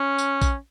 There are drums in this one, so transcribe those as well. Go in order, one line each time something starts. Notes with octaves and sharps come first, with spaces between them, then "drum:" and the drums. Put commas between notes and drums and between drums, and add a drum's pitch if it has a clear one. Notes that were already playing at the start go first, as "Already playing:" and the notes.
Already playing: C#4
drum: tambourine
drum: kick, tambourine